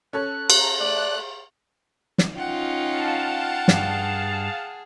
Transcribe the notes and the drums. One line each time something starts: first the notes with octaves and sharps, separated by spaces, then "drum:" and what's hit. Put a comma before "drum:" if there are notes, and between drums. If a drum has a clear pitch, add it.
C#4 A4 C#5 F#6
A#5, drum: cymbal
A3 D5 F#6 F#7
drum: snare
C#4 D#4 F4 F#5 G5
F5 A5
G2 G#4, drum: snare